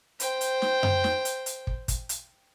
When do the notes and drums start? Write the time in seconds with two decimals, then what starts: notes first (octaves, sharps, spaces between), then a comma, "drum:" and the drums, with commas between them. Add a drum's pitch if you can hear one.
0.20 C5 G5, drum: hi-hat
0.41 drum: hi-hat
0.62 drum: snare
0.83 drum: tom F#2
1.04 drum: snare
1.25 drum: hi-hat
1.46 drum: hi-hat
1.67 drum: kick
1.88 drum: kick, hi-hat
2.09 drum: hi-hat